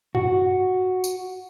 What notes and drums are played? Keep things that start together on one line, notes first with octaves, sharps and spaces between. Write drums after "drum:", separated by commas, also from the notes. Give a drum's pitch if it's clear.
F#4, drum: tom F#2
drum: tambourine